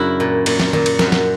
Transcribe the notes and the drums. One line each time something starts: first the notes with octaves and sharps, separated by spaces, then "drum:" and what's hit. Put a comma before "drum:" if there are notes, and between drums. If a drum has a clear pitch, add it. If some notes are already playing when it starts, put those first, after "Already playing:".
Already playing: F#2 C#3 D4 E4 F#4 A#4
A#2
A#2, drum: cymbal
drum: snare
A#2, drum: tom D#3
drum: cymbal
F#2, drum: snare
drum: snare